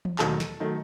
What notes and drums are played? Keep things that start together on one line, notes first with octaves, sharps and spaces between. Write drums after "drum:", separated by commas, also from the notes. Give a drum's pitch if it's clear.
drum: tom E3
E1 D#2 D#3 F#3 A3 A4 A5, drum: clap
drum: snare
D#3 F#3 A3